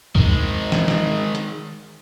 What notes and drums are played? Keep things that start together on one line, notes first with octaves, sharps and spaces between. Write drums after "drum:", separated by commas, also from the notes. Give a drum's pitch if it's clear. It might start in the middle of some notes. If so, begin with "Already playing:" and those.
D#3 G#3, drum: kick
drum: snare
drum: snare
drum: hi-hat